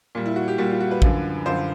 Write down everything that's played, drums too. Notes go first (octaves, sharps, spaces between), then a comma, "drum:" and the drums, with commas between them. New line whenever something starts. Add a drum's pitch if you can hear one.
A#2 G3
E4
F#4
G4
A#2 G3 F#4
F4
F#4
B4
F#2 D3 F3, drum: kick
F#2 D3 F3 C5